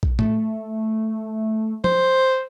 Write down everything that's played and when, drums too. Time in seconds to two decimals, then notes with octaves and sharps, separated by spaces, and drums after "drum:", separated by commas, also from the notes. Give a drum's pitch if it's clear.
0.03 drum: kick A#1
0.19 A3, drum: tom A2
1.84 C5, drum: tom F3